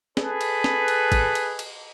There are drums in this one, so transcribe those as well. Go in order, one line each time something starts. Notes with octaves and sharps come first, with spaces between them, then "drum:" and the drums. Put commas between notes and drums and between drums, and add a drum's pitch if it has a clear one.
G#4 A4 B4, drum: snare
drum: cymbal
drum: snare
drum: cymbal
drum: kick, cymbal
drum: cymbal
drum: cymbal